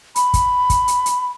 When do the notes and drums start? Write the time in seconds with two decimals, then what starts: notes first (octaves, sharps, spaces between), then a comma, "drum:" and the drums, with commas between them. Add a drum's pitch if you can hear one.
0.16 B5, drum: hi-hat
0.34 drum: kick, hi-hat
0.70 drum: kick, hi-hat
0.88 drum: hi-hat
1.06 drum: hi-hat